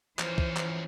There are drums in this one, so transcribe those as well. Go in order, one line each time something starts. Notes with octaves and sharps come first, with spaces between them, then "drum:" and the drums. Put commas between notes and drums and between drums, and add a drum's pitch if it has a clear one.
E3 F3 C#4 C5, drum: clap
drum: kick
drum: clap